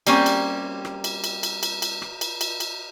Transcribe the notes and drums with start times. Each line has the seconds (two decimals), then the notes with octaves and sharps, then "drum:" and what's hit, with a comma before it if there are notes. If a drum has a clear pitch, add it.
0.07 G3 A#3 C4 C#4, drum: cymbal
0.26 drum: cymbal
0.85 drum: rim click
1.04 drum: cymbal
1.24 drum: cymbal
1.43 drum: cymbal
1.63 drum: cymbal
1.82 drum: cymbal
2.02 drum: rim click
2.21 drum: cymbal
2.41 drum: cymbal
2.60 drum: cymbal